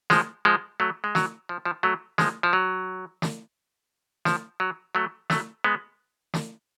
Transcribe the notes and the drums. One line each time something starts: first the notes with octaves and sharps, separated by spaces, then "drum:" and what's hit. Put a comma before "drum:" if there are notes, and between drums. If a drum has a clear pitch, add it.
F3 G#3, drum: snare
F3 G#3
F#3 A3
G#3
F#3, drum: snare
F3
F3
F#3 A3
F3 G#3, drum: snare
F3
F#3
drum: snare
F3, drum: snare
F#3
F#3 A3
F#3 A3, drum: snare
G#3 B3
drum: snare